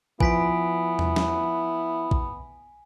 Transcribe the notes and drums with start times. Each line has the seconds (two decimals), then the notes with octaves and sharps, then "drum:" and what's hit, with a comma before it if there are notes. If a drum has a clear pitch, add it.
0.20 F3 B3 E4 B4 G#5 B6 D7, drum: kick
0.99 drum: tom E2
1.16 drum: snare
2.11 drum: kick